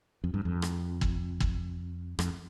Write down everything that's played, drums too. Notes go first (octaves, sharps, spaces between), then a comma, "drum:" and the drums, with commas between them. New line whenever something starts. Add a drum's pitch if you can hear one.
F2
G2
F2
drum: rim click
drum: kick
drum: kick
F2, drum: rim click